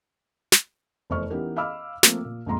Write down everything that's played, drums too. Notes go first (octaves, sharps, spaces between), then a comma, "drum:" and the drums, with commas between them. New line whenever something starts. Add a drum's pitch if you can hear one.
drum: snare
F1 E2 C5 D#5 C#6 F6
E3 B3 C#4 D#4 G4 A#4
D#5 F5 B5 D6 E6 F6
F3 A3 A#3 C4, drum: snare
A#2
A#1 F2 G#3 A#5 C6